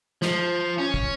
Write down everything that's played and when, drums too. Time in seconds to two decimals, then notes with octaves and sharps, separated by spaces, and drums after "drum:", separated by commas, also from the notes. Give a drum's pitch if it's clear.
0.22 F3, drum: snare
0.78 C#4
0.94 drum: kick